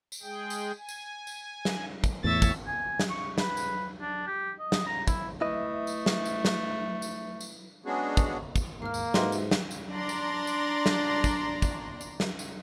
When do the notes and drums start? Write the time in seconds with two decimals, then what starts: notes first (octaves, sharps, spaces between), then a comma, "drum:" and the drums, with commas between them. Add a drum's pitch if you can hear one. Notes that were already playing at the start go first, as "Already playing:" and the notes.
0.12 drum: tambourine
0.23 G#3 G#4 G5
0.50 drum: tambourine
0.78 G#5
0.89 drum: tambourine
1.27 drum: tambourine
1.65 drum: snare
2.04 drum: kick, tambourine
2.24 E2 A2 C#5 E5 A6
2.42 drum: kick, tambourine
2.67 G#5
3.00 drum: snare
3.10 C#6
3.38 B4, drum: snare
3.57 drum: tambourine
4.01 D4
4.27 G4
4.59 D#5
4.72 drum: snare
4.87 A#5
5.08 E4, drum: kick, tambourine
5.41 A3 E4 B4 D#5
5.87 drum: tambourine
6.06 drum: snare
6.25 drum: tambourine
6.45 drum: snare
7.02 drum: tambourine
7.41 drum: tambourine
7.85 G#3 B3 C#4 D4 F#4 G#4
8.17 drum: kick, tambourine
8.56 drum: kick, tambourine
8.82 D#2 G#2 A#3 F5 F6
8.94 drum: tambourine
9.14 G#2 F#4 G4 B4 D#5 E5 C6, drum: snare
9.32 drum: tambourine
9.51 drum: snare
9.71 drum: tambourine
9.90 D4 D5 A#5 C6
10.09 drum: tambourine
10.47 drum: tambourine
10.86 drum: snare
11.24 drum: kick, tambourine
11.62 drum: kick, tambourine
12.01 drum: tambourine
12.20 drum: snare
12.39 drum: tambourine